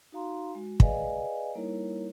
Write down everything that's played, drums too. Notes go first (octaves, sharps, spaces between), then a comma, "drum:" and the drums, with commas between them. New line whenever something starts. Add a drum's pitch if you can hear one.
D#4 F#4 F5 A#5 C6
G#3 F#4
G#4 B4 D5 D#5 F5 G#5, drum: kick
G3 A#3 D#4 E4 A#4 C#5